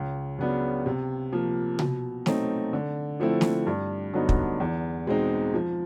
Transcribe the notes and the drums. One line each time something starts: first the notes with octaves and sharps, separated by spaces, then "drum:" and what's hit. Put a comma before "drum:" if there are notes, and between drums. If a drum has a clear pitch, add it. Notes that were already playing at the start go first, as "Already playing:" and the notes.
Already playing: C#2
C#3 F#3 B3 D4
C3
F3 A#3
B2, drum: tom C3
F#3 A3 C4 D#4, drum: snare
D3
F3 A3 C4 E4
drum: snare
G2
D3 F#3 B3 D#4
drum: kick
E2
B2 G#3 C4 D#4
F3